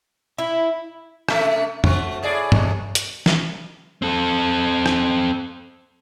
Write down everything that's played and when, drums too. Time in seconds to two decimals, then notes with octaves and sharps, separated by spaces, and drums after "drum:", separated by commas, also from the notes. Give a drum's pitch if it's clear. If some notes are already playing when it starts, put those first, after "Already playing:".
0.38 E4 E5
1.29 C3 A3 E5, drum: rim click
1.84 A3 C4 F#4, drum: tom
2.23 A2 G#4 D5
2.52 E2 B2 G#3, drum: tom G2
2.95 drum: hi-hat
3.26 drum: snare
4.02 C4 A4
4.86 drum: rim click